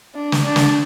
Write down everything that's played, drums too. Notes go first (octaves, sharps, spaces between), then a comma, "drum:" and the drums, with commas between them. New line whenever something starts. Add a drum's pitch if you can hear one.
D4
drum: snare
D4
drum: snare